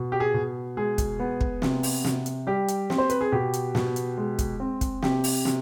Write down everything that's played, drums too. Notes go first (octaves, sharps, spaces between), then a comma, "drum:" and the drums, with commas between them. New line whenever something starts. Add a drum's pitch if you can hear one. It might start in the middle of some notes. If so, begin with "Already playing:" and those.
Already playing: B2
G4
G#4
B2
G#3 G#4
drum: kick, hi-hat
B3
drum: kick
C3, drum: snare
drum: open hi-hat
C3, drum: snare
drum: hi-hat
G3 G4
drum: hi-hat
C4, drum: snare
C5
B4, drum: hi-hat
G#4
B2 G4
drum: hi-hat
B2, drum: snare
drum: hi-hat
G#3
drum: kick, hi-hat
C4
drum: kick, hi-hat
C3 G4, drum: snare
drum: open hi-hat
C3, drum: snare